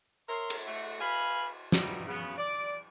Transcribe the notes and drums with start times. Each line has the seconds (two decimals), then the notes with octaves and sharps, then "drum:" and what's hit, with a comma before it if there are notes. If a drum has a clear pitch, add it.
0.28 A#4 C#5 E5 C6
0.50 drum: cymbal
0.66 A3 F#4
1.00 B4 F5 G#5 B5
1.72 E3 F3 G3 A3 B3 D#4, drum: snare
2.07 C#3 B3
2.38 D5